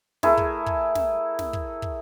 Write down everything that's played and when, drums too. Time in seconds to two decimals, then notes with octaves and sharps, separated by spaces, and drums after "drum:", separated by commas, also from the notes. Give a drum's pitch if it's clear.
0.23 A3 E4 G#4 A#4, drum: snare
0.37 drum: kick
0.66 drum: kick
0.95 drum: snare
1.39 drum: snare
1.53 drum: kick
1.82 drum: kick